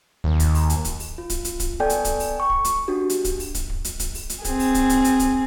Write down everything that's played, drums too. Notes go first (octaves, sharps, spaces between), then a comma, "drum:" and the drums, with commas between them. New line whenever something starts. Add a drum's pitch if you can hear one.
D#2
drum: kick, hi-hat
drum: open hi-hat
drum: hi-hat
drum: kick, hi-hat
drum: open hi-hat
F4
drum: kick, hi-hat
drum: hi-hat
drum: kick, hi-hat
B3 A4 D5 G5 G#5 G6
drum: hi-hat
drum: kick, hi-hat
drum: open hi-hat
C#6
drum: kick
drum: hi-hat
D4 F#4 G4
drum: hi-hat
drum: kick, hi-hat
drum: open hi-hat
drum: kick, hi-hat
drum: kick
drum: hi-hat
drum: kick, hi-hat
drum: open hi-hat
drum: hi-hat
C4 G#4, drum: kick, hi-hat
drum: open hi-hat
drum: kick, hi-hat
drum: kick, hi-hat
drum: hi-hat
drum: kick, hi-hat